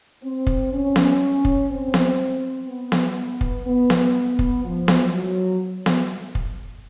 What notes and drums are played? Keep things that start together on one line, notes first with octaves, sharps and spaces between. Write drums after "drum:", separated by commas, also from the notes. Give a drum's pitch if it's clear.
C4
drum: kick
C#4
drum: snare B3
drum: kick
C4
drum: snare B3
B3
drum: snare B3
drum: kick
B3
drum: snare B3
drum: kick
F3
drum: snare B3
F#3
drum: snare B3
drum: kick